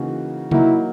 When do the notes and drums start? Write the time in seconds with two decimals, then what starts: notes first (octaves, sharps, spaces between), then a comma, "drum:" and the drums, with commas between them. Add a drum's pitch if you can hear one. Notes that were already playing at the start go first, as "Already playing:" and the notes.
Already playing: C#3 E3 A#3 D#4 F#4
0.51 F#3 A#3 D#4 E4 F#4, drum: tom C3